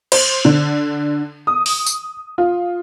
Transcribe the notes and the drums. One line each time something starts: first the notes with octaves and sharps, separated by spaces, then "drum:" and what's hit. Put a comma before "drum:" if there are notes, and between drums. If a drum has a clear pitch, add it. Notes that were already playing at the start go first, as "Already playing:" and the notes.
C5, drum: cymbal
D3
D#6
drum: open hi-hat
drum: tambourine
F4